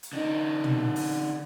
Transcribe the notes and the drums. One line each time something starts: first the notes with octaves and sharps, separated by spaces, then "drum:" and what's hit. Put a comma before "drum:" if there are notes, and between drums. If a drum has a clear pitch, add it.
drum: hi-hat
D3 D#4
drum: tom
drum: open hi-hat